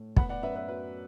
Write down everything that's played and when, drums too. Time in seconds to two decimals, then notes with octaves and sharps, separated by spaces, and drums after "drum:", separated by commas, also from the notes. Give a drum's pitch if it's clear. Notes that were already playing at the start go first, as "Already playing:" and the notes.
Already playing: A2
0.17 B3 F#5 B5, drum: kick
0.29 D5 F#5
0.42 F#2 B4 E5
0.56 B4 E5
0.68 F#3 B4